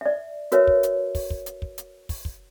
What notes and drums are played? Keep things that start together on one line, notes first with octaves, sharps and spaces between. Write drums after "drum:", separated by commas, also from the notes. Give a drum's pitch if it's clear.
D5 E5
F#4 A#4 B4 C#5 E5, drum: hi-hat
drum: kick
drum: hi-hat
drum: kick, open hi-hat
drum: kick
drum: hi-hat
drum: kick
drum: hi-hat
drum: kick, open hi-hat
drum: kick